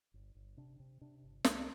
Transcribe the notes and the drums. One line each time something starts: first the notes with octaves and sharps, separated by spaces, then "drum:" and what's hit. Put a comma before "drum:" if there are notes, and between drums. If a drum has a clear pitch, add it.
G1
G1
C3 D4
C3
C3 D4
G1
C2 D4, drum: snare